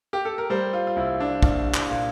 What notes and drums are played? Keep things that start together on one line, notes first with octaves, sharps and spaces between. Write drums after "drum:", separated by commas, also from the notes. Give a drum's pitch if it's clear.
G4
A4
A#4
G3 C5
F4
F4
C2 E4
D4
C2 D4, drum: kick
drum: clap
A#2